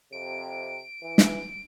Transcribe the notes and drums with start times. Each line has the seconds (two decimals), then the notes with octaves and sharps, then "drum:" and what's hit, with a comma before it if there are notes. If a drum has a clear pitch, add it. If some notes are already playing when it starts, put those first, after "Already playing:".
0.12 F2 C3 D7
1.02 E3
1.18 drum: snare